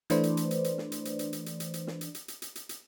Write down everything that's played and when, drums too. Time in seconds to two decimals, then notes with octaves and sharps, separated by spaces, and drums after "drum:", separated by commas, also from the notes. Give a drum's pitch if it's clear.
0.10 E3 A3 D4 B4 C5 D5, drum: hi-hat
0.23 drum: hi-hat
0.37 drum: hi-hat
0.51 drum: hi-hat
0.64 drum: hi-hat
0.78 drum: snare
0.92 drum: hi-hat
1.05 drum: hi-hat
1.19 drum: hi-hat
1.33 drum: hi-hat
1.46 drum: hi-hat
1.60 drum: hi-hat
1.74 drum: hi-hat
1.87 drum: snare
2.01 drum: hi-hat
2.15 drum: hi-hat
2.28 drum: hi-hat
2.42 drum: hi-hat
2.55 drum: hi-hat
2.69 drum: hi-hat